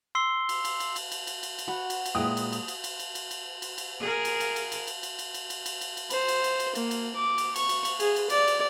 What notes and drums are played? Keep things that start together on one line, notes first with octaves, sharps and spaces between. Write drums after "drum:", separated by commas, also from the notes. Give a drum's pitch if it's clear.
C6 E6 C7 G7
drum: cymbal
drum: cymbal
drum: cymbal
drum: cymbal
drum: cymbal
drum: cymbal
drum: cymbal
drum: cymbal
F#4 B5
drum: cymbal
drum: cymbal
A#2 G#3 E4 B4 G5 D#6
drum: cymbal
drum: cymbal
drum: cymbal
drum: cymbal
drum: cymbal
drum: cymbal
drum: cymbal
drum: cymbal
drum: cymbal
G#4 A#4
drum: cymbal
drum: cymbal
drum: cymbal
drum: cymbal
drum: cymbal
drum: cymbal
drum: cymbal
drum: cymbal
drum: cymbal
drum: cymbal
drum: cymbal
drum: cymbal
C5, drum: cymbal
drum: cymbal
drum: cymbal
drum: cymbal
A#3, drum: cymbal
drum: cymbal
D6
drum: cymbal
C#6, drum: cymbal
drum: cymbal
drum: cymbal
G#4, drum: cymbal
drum: cymbal
D5, drum: cymbal
drum: cymbal